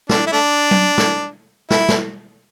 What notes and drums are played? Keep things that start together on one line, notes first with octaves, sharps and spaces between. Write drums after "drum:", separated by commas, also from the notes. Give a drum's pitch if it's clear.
D4, drum: snare
E4
A3 D4
drum: tom F#3
drum: snare
E4, drum: snare
drum: snare